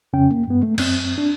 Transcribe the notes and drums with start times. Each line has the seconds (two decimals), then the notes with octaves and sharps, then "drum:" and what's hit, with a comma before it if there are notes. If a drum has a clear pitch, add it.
0.13 F2 C#3 C#4 G5
0.31 A#3
0.47 G2 B3
0.63 A3
0.78 F#2 C4, drum: cymbal
1.18 D4